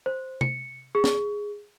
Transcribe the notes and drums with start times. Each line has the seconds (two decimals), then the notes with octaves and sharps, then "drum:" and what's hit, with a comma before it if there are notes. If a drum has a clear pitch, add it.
0.06 C5
0.41 C#7, drum: tom C3
0.95 G#4
1.04 drum: snare